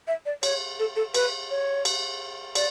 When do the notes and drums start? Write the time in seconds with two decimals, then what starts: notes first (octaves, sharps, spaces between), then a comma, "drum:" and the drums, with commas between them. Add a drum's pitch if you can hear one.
0.08 E5
0.26 D5
0.43 C#5, drum: cymbal
0.79 A4
0.96 A4
1.14 B4, drum: cymbal
1.50 C#5
1.85 drum: cymbal
2.55 D5, drum: cymbal